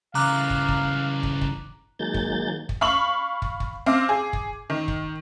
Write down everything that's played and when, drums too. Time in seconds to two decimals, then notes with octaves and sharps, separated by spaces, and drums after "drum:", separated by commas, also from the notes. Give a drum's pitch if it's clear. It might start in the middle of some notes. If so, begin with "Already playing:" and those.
0.15 C#3 E3 F5 A#5 D6 F#6
0.50 drum: kick
0.68 drum: kick
1.23 drum: kick
1.41 drum: kick
1.99 D#3 F#3 G#3 A#3 G6 A6
2.14 drum: kick
2.69 drum: kick
2.81 F5 B5 C#6 F#7
3.42 drum: kick
3.60 drum: kick
3.86 C4 F5 D6
4.09 G#4
4.33 drum: kick
4.70 D#3
4.88 drum: kick